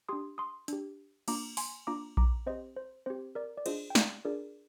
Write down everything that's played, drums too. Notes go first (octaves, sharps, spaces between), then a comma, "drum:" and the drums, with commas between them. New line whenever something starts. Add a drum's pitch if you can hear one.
D4 G4 C6 D#6
C6 D#6
D4 G4, drum: hi-hat
A#3 D4 F4 A#5 D6, drum: cymbal
G#5 C6, drum: open hi-hat
A#3 D4 F4 A#5 D6
A#5 D6, drum: kick A#1
C4 G4 C5 D#5
C5
C4 G4 C5
A#4 D5
D5
D4 F4 G#4 C5 D#5, drum: cymbal
G5
D5 F5, drum: snare
D4 F4 G#4 A#4 D5